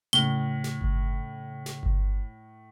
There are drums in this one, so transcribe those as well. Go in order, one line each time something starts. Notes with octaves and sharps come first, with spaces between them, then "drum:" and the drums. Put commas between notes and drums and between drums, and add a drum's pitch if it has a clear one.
A2 C#3 G7
drum: snare
drum: kick G1
drum: snare
drum: kick G1